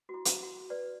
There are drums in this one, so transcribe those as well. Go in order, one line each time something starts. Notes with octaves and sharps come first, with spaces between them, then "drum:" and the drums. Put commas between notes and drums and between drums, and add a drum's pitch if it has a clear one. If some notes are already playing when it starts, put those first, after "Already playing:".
F#4
E4
drum: hi-hat
F#4
B4 D5